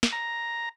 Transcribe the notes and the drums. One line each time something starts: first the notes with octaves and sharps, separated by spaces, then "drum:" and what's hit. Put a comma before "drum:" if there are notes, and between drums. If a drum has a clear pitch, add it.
drum: snare
A#5